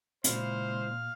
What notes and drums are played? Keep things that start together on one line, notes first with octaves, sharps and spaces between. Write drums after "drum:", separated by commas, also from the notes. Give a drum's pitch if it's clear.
A#2 C#3 E3 G#3 C5 F5, drum: hi-hat